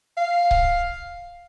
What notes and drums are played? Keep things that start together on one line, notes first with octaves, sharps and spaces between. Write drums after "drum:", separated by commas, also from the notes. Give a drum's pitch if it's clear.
F5
drum: kick C#1